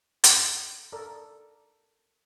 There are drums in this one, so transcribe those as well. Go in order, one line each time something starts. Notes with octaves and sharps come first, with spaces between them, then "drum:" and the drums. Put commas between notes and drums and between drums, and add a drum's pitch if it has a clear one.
F#5 C6, drum: hi-hat
A4 A#4 D5